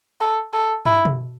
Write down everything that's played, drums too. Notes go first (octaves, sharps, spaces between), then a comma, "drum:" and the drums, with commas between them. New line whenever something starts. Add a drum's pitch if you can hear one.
A4
A4
E4, drum: tom
drum: tom B2